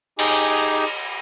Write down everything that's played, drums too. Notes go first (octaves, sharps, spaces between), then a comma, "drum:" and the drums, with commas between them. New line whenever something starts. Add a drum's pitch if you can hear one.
D#4 G4 G#4 G#5, drum: cymbal